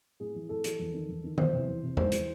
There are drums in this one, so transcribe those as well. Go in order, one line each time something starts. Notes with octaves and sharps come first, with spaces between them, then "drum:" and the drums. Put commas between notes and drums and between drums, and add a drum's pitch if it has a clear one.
A2 G#4
E3
A2 A4
E3, drum: hi-hat
E2
D#3
E2
D#3
E2 C5, drum: tom D#3
C3 E3
E2
C3 E3
G#2 C5, drum: tom E2
E3, drum: hi-hat